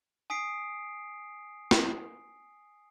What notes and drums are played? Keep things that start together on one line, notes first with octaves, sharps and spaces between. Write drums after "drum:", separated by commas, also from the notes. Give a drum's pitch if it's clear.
G#5 D#6 B6 C7 D7
drum: snare